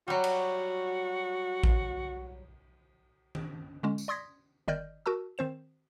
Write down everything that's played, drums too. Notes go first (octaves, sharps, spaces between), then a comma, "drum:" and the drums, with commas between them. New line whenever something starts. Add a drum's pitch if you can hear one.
F#3 G3 F#4
drum: cymbal
drum: kick A1
drum: tom D#3
D3 G#3 C#4
drum: tambourine
D5 C6 D#6 G#6 A#6 B6
G1 D#3 D5 D#5 F6 G6
F#4 A#4 A5 E6
D#3 C4 C5 E7